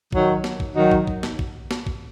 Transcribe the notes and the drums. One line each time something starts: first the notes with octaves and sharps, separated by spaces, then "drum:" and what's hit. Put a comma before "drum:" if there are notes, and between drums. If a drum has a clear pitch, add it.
D#3 F#3 D#4, drum: kick
drum: snare
drum: kick
D#3 F#3 D#4 F#4
drum: kick
drum: kick
drum: snare
drum: kick
drum: snare
drum: kick